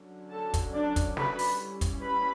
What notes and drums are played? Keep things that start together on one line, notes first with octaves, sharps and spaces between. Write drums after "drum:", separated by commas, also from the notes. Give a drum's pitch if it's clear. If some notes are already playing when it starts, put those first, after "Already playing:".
Already playing: D3 F#3 C#4
A4 A5
drum: kick, hi-hat
D4 D5
drum: kick, hi-hat
B4 B5, drum: snare
drum: open hi-hat
G3 C#4 E4
drum: kick, hi-hat
B4 B5